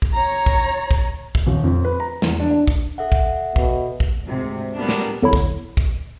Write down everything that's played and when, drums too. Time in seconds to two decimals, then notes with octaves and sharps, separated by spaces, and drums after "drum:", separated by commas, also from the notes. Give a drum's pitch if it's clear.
0.02 drum: kick
0.13 C#5 A#5
0.46 drum: kick
0.91 drum: kick
1.35 drum: kick
1.47 D#1
1.64 F2
1.85 B4
2.00 A#5
2.22 E2, drum: snare
2.40 D4
2.51 D4
2.68 drum: kick
2.98 A4 E5 F#5
3.12 drum: kick
3.56 B2, drum: kick
4.00 drum: kick
4.24 D2 G#2 C3
4.75 A#2 G3 A#3 B3 D4
4.89 drum: snare
5.22 E2 D3 F#3 E4
5.33 drum: kick
5.77 drum: kick